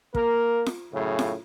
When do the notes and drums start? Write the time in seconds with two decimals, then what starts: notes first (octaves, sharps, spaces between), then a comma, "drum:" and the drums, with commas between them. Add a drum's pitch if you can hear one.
0.15 A#3 A#4, drum: kick
0.66 drum: snare F4
0.93 F#2 A2 C#3
1.19 drum: snare F4